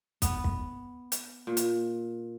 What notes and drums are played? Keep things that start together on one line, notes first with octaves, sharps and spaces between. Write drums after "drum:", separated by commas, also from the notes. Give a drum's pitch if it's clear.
B3, drum: kick, hi-hat
drum: kick
drum: hi-hat
A#2
drum: hi-hat